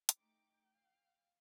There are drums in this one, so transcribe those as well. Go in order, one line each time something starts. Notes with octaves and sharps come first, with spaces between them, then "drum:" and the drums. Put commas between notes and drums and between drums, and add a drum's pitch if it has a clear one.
drum: hi-hat
A3 D#4 G5 D6
F5